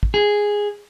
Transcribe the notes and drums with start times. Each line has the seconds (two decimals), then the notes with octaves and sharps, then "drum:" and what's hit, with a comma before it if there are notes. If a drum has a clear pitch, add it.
0.03 drum: kick
0.14 G#4